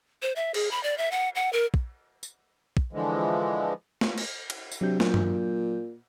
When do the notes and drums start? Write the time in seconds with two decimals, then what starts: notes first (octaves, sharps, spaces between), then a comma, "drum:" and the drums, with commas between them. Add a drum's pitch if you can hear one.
0.22 C5
0.36 E5
0.54 G#4, drum: cymbal
0.71 B5
0.83 D5
0.98 E5
1.11 F#5
1.35 F#5
1.53 A#4
1.74 drum: kick
2.23 drum: tambourine
2.77 drum: kick
2.93 D3 E3 F3 G#3
4.01 drum: snare
4.18 drum: cymbal
4.50 drum: cymbal
4.72 drum: tambourine
4.81 C3 F#3 D4 G6
5.00 A#2, drum: snare
5.14 drum: tom G2